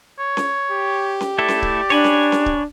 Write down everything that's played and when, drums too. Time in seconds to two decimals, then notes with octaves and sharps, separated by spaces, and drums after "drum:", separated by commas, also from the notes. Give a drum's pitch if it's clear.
0.19 C#5
0.37 drum: snare C#4
0.71 G4
1.21 drum: snare C#4
1.38 A3 E4 A4 D5
1.48 drum: snare C#4
1.62 drum: kick C#1
1.90 D4 C#5 G#5 B5
2.04 drum: snare C#4
2.32 drum: snare C#4
2.46 drum: kick C#1